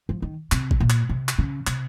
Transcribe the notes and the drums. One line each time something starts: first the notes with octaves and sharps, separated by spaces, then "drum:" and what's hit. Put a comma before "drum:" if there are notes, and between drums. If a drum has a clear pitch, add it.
F3
D#3
C3, drum: clap
drum: kick
A#2
drum: clap
C3
drum: clap
C#3
C3, drum: clap